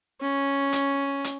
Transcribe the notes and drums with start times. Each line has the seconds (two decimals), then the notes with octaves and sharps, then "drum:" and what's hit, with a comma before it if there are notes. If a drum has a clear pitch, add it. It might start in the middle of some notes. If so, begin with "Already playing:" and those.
0.21 C#4
0.73 drum: hi-hat
1.24 drum: hi-hat